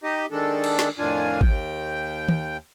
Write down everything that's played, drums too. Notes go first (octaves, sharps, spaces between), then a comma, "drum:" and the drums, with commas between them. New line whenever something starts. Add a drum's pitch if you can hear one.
D#4 G4 D#5
D#3 G#3 D4 A4
drum: cymbal
drum: snare
F2 A2 D#3 D4 F4 G#5
D#2 G5, drum: kick
drum: tom D#3